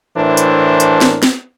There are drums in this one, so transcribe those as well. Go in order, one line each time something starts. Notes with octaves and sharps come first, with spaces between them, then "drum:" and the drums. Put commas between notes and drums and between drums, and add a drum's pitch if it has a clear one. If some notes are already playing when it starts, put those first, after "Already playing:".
A2 E3 D4 A#4 C5
drum: hi-hat
drum: hi-hat
drum: snare
drum: snare